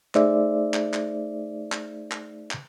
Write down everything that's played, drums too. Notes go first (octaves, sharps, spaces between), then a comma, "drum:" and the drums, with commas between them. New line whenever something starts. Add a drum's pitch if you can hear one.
A3 D#4 G#4 C5 D5 E5, drum: clap
drum: clap
drum: clap
drum: clap
drum: clap
drum: clap